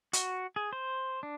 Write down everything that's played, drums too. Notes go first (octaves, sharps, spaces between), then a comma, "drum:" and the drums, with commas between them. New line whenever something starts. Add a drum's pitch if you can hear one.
F#4, drum: hi-hat
G#4
C5
D4